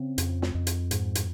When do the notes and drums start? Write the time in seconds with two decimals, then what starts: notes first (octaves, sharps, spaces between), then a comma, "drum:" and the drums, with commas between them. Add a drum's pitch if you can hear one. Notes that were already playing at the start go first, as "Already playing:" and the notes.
Already playing: C#3 C4
0.18 F2, drum: hi-hat
0.42 drum: snare
0.55 F2
0.67 drum: hi-hat
0.91 G#2, drum: hi-hat
1.15 drum: hi-hat